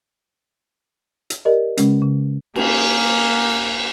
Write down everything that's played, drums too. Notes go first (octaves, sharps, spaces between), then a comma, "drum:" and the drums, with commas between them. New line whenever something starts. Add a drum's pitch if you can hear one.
drum: hi-hat
G4 A#4 D5 D#5
C#3 G#3 C#4, drum: hi-hat
C#3
A#3 G#5, drum: cymbal